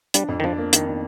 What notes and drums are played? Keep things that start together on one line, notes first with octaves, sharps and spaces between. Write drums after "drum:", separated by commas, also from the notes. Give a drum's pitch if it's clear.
G3 D4, drum: hi-hat
F2
D#3
F3 D4
A#3
D#3 D4, drum: hi-hat
D4